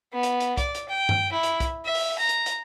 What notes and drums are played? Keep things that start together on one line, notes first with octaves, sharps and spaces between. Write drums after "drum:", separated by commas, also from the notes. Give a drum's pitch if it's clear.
B3
drum: hi-hat
drum: hi-hat
D5, drum: kick C2, hi-hat
drum: hi-hat
G5
drum: tom G2
E4
drum: hi-hat
drum: kick C2, hi-hat
E5
drum: open hi-hat
A#5
drum: hi-hat
drum: hi-hat